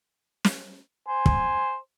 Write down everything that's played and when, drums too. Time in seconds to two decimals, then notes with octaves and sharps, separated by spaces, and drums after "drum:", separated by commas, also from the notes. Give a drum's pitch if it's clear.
0.45 drum: snare
1.08 C5 G#5
1.26 drum: kick